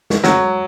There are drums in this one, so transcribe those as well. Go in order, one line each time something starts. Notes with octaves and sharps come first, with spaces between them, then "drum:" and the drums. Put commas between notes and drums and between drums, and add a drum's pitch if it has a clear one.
drum: snare
F#3, drum: snare